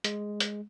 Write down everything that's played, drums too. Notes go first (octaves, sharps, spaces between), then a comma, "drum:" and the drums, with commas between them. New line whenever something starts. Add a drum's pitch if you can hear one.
G#3, drum: hi-hat
drum: hi-hat